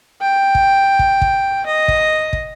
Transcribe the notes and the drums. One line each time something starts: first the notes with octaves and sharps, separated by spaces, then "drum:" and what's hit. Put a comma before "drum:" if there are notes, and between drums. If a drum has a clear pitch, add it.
G5
drum: kick
drum: kick
drum: kick
D#5
drum: kick
drum: kick